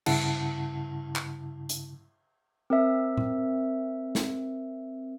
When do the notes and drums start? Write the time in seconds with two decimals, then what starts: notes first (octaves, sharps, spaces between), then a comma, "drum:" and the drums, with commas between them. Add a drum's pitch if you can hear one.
0.06 G2 C#3 E4 F#5 A5, drum: cymbal
1.16 drum: clap
1.69 drum: hi-hat
2.70 C4 A#4 E5
3.17 drum: tom A#2
4.15 drum: snare